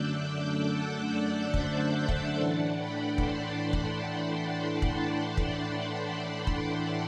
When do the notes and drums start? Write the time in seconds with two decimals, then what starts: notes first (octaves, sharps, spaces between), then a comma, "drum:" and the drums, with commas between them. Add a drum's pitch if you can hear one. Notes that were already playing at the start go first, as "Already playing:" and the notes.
Already playing: F#2 D3 A3 D4 D6 E6 F#6 G6
0.30 D6 F#6
0.71 F#5 A5
1.12 D5 F#5
1.54 C5 E5, drum: kick
2.08 drum: kick
2.35 A2 E3 A3 D4 D5 F#5
2.77 G5 B5
3.18 A5 C6, drum: kick
3.73 drum: kick
4.82 G5 B5, drum: kick
5.37 drum: kick
6.47 drum: kick